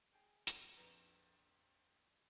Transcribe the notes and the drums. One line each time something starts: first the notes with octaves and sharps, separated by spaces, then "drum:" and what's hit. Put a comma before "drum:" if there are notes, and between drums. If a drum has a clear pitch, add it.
G#4 G5
drum: hi-hat
A#1 F2 B4 A#5